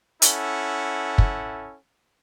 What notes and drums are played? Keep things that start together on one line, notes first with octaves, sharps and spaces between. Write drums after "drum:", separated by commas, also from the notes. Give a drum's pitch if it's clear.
C#4 E4 A4 F#5, drum: hi-hat
drum: kick